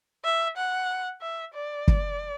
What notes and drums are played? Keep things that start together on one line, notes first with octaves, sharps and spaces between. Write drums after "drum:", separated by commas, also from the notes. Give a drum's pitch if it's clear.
E5
F#5
E5
D5
drum: kick